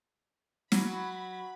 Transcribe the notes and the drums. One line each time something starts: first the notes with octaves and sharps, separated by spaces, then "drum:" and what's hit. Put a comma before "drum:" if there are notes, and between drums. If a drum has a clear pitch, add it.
F#3 B5, drum: snare